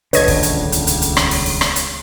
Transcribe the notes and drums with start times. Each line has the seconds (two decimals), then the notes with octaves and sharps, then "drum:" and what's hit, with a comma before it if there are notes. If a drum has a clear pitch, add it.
0.13 D#1 C#2 D3 B4 C#5 D#5 G#6, drum: hi-hat
0.28 drum: kick, open hi-hat
0.43 drum: hi-hat
0.72 drum: hi-hat
0.87 drum: hi-hat
1.02 drum: hi-hat
1.17 drum: rim click
1.31 drum: open hi-hat
1.46 drum: open hi-hat
1.61 drum: rim click
1.76 drum: hi-hat